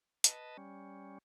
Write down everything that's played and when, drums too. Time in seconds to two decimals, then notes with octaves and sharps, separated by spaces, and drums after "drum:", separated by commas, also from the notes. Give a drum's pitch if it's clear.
0.24 B4 D#5 A5, drum: hi-hat
0.57 G3 C#4